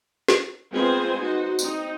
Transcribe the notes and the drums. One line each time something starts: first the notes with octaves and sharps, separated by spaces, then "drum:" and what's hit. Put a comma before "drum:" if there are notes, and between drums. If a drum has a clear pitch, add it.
drum: snare
G#3 B3 C4 F4 C5 G#5
D#4 F#4 C5
C4 D#4, drum: tambourine